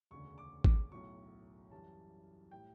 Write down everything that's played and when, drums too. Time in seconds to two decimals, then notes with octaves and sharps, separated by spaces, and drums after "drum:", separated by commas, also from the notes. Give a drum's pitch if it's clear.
0.11 E1 D2 C#3 C#6
0.38 D6
0.64 D6, drum: kick G#1
0.91 B1 A2 F#3 C#6
1.71 F#2 E3 G3 A5
2.51 A2 G3 G5